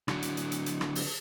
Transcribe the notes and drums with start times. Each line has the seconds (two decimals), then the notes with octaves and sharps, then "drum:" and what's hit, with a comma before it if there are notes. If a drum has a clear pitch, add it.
0.08 D3 F#3, drum: rim click
0.22 drum: hi-hat
0.37 drum: hi-hat
0.52 drum: hi-hat
0.66 drum: hi-hat
0.81 drum: rim click
0.95 drum: open hi-hat